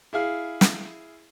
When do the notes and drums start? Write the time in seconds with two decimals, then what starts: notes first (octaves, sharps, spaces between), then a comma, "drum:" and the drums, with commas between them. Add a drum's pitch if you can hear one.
0.13 E4 G#4 F5
0.61 drum: snare